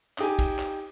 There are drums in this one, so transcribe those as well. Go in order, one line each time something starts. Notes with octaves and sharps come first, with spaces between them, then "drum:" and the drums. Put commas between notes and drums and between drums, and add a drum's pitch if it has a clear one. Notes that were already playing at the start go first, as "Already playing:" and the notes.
D#4 G4 G#5, drum: clap
drum: kick, cymbal
drum: clap